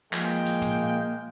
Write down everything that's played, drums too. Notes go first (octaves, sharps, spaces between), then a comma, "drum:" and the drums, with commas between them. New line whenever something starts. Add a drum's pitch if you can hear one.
F3 G#3 A#3 G5, drum: clap
drum: snare
drum: tom